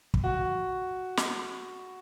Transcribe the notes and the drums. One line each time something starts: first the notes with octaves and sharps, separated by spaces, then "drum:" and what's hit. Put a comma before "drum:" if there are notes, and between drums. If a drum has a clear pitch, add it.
drum: kick
F#4
drum: snare